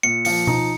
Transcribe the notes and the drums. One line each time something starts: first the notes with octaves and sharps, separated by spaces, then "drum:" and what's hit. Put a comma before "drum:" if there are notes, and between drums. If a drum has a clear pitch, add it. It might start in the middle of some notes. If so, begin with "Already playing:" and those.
A#2 C#7
F3 C#7, drum: open hi-hat
D#4, drum: tom B2